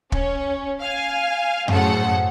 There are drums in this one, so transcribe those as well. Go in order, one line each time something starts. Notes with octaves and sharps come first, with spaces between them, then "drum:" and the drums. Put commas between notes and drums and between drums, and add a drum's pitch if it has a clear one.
C#4, drum: kick
F5 G#5
F#2 A2 C#3 A4 C5 F#5, drum: tom F#2